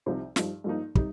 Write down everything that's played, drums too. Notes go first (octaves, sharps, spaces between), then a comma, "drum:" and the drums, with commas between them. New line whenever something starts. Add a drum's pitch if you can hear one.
C2 C3 F3 C4 D#4
G2 F3 D#4, drum: snare
G2 F3 A#3 D#4
C3 G3 D#4, drum: kick